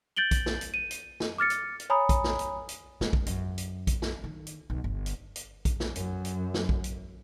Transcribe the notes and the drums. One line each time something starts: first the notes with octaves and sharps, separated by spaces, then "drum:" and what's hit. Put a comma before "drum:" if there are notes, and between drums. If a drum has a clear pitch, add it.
G6 A6 D7 F#7 G7
drum: kick A#1, hi-hat
drum: snare
drum: hi-hat
D#7
drum: hi-hat
drum: snare
D6 F6 A6 C#7
drum: hi-hat
drum: hi-hat
C#5 G#5 A#5 B5 D#6
drum: kick A#1, hi-hat
drum: snare
drum: hi-hat
drum: hi-hat
G#3, drum: snare
drum: kick A#1
F#2, drum: hi-hat
drum: hi-hat
drum: kick A#1, hi-hat
drum: snare
D#3
drum: hi-hat
B1
G1
drum: hi-hat
drum: hi-hat
drum: kick A#1, hi-hat
drum: snare
F#2, drum: hi-hat
drum: hi-hat
drum: snare
drum: kick A#1
drum: hi-hat